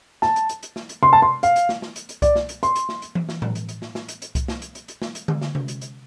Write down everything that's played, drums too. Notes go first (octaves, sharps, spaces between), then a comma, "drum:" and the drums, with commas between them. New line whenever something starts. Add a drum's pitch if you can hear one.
A5, drum: snare
drum: hi-hat
drum: hi-hat
drum: hi-hat
drum: snare
drum: hi-hat
C6, drum: tom C3
A5
C6
F5, drum: hi-hat
drum: hi-hat
drum: snare
drum: snare
drum: hi-hat
drum: hi-hat
D5, drum: kick C2, hi-hat
drum: snare
drum: hi-hat
C6, drum: hi-hat
drum: hi-hat
drum: snare
drum: hi-hat
drum: tom E3
drum: snare
drum: tom A2
drum: hi-hat
drum: hi-hat
drum: snare
drum: snare
drum: hi-hat
drum: hi-hat
drum: kick C2, hi-hat
drum: snare
drum: hi-hat
drum: hi-hat
drum: hi-hat
drum: snare
drum: hi-hat
drum: tom D3
drum: snare
drum: tom C3
drum: hi-hat
drum: hi-hat